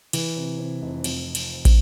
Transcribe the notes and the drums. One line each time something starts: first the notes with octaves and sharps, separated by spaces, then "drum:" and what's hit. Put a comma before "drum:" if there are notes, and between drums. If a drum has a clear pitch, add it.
E3, drum: cymbal
C3
C3
F1
F2, drum: cymbal
drum: cymbal
drum: kick, cymbal